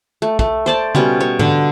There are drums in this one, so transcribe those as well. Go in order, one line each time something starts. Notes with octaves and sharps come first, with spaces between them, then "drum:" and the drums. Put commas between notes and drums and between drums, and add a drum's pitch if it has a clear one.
A3
A3, drum: kick
C5 D5 A5
B2 G3 C#4, drum: tom C#3
C#5
D3, drum: tom G#2